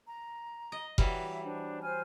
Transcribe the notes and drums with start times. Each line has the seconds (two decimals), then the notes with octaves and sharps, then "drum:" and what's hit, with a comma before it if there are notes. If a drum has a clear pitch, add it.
0.07 A#5
0.72 D#5
0.98 E3 F#3 G3 E5, drum: kick F#1
1.44 D4 C5
1.82 C5 G#5 F6